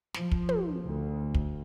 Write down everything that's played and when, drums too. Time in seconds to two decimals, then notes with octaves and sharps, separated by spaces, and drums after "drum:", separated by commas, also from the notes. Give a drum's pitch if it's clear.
0.14 F3, drum: snare
0.32 drum: kick
0.49 drum: tom
0.86 D2
1.35 drum: kick